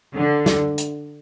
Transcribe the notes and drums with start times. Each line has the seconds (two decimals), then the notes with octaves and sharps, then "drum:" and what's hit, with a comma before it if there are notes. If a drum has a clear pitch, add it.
0.15 D3
0.46 drum: snare
0.78 drum: hi-hat